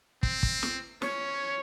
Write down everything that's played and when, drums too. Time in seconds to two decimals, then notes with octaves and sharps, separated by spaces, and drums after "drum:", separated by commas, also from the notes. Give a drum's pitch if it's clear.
0.23 C4, drum: kick
0.43 drum: kick
0.63 drum: snare
1.02 C#4 C#5, drum: snare